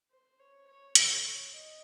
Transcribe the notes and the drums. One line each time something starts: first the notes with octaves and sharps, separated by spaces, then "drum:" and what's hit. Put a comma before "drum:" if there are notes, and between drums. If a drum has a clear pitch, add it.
C5
C#5
C#5
C#5, drum: hi-hat
C#5
D#5